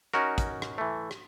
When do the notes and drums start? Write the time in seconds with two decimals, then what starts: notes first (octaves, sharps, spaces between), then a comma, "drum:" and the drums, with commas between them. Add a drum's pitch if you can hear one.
0.13 C#4 D#4 F#4 A#4, drum: rim click
0.38 drum: kick, hi-hat
0.62 drum: rim click
0.78 E3 A3
1.11 drum: rim click